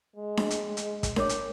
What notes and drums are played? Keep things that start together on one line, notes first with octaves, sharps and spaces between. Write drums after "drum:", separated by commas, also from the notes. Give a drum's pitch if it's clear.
G#3
drum: snare D4
drum: hi-hat
drum: hi-hat
drum: kick, hi-hat
A#4 C#5 D6, drum: snare D4
drum: hi-hat